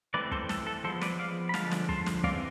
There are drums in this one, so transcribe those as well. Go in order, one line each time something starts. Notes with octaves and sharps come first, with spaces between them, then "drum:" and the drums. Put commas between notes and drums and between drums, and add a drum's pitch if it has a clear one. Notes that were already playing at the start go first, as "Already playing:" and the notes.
E3 A3 C4 B4 D5
A4 C5, drum: kick
A4, drum: snare
A4
F3 G#3 B3 A4 C5
B4 D5, drum: snare
D5 F5
B5
D3 F3 G#3 F5 A5, drum: snare
drum: snare
A5 C6, drum: kick
drum: snare
E3 G#3 C4 D5 F5, drum: kick